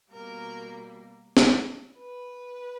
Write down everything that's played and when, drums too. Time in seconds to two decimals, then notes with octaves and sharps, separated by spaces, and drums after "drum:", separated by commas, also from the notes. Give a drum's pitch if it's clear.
0.12 B2 G3 A#3 A#4
1.37 drum: snare
1.99 B4